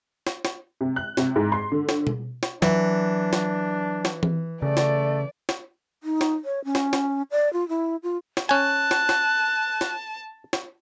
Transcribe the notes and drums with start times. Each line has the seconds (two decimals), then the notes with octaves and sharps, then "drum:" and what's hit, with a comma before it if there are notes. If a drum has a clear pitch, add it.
0.27 drum: snare
0.45 drum: snare
0.81 C3
0.96 F#6
1.17 C3, drum: snare
1.36 G#2
1.52 C6
1.72 D3
1.89 drum: snare
2.07 drum: tom B2
2.43 drum: snare
2.62 E3 F#3 D4, drum: snare
3.33 drum: snare
4.05 drum: snare
4.23 drum: tom E3
4.62 C#3 A3 D5
4.77 drum: snare
5.49 drum: snare
6.03 D#4
6.21 drum: snare
6.45 C#5
6.65 C#4
6.75 drum: snare
6.93 drum: snare
7.31 D5
7.53 F4
7.69 E4
8.03 F4
8.37 drum: snare
8.49 C#4 G#5 A5 F#6
8.91 drum: snare
9.09 drum: snare
9.81 drum: snare
10.53 drum: snare